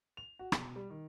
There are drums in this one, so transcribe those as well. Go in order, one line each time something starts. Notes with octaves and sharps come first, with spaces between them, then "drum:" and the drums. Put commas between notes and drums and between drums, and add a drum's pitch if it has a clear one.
F7
F#4
B2, drum: rim click
G3
D#3